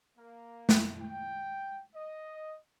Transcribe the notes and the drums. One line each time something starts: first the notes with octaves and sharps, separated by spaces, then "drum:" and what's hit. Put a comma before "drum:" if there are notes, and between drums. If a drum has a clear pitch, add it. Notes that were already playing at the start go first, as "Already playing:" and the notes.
A#3
drum: snare
G5
D#5